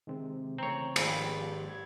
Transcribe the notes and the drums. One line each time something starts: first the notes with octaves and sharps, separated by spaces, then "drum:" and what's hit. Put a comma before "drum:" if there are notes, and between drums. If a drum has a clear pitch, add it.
C3 D#3 G#3 C4
C#3 E3 A3 C4 C#5 A#5
G#1 F3 G#3 A#3 G4, drum: cymbal
G#6